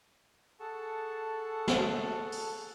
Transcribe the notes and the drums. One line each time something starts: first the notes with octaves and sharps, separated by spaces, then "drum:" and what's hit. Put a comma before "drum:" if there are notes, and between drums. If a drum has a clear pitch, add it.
G#4 A4 F#5 A5 C#6
drum: snare
drum: open hi-hat